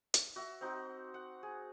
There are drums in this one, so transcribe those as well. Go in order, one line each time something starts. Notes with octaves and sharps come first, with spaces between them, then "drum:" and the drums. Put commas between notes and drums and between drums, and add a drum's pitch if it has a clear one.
drum: hi-hat
F#4 E5
C4 D#4 F#4
F#5
G#4